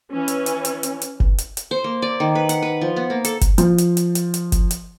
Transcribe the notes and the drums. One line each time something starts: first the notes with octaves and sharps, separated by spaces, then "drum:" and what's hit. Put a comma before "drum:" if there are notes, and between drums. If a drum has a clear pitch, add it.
E3 C#4
drum: hi-hat
drum: hi-hat
drum: hi-hat
drum: hi-hat
drum: hi-hat
drum: kick F#1
drum: hi-hat
drum: hi-hat
C5
A#3
D5
D#3
B4
F#5, drum: hi-hat
B4
F3
B3
A#3
A4, drum: hi-hat
drum: kick F#1, hi-hat
F3, drum: hi-hat
drum: hi-hat
drum: hi-hat
drum: hi-hat
drum: hi-hat
drum: kick F#1, hi-hat
drum: hi-hat